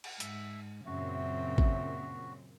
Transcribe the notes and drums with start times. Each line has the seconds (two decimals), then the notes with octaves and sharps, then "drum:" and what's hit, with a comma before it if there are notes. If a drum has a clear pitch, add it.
0.04 drum: cymbal
0.20 G#2 E5, drum: hi-hat
0.86 F#2 A#2 C#3 C4 F#4 E5
1.58 drum: kick